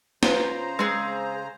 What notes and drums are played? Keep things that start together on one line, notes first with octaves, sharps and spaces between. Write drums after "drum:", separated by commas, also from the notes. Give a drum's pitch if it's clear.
C#3 F4 B4 C5 A#5, drum: snare
G#3 C4 G#4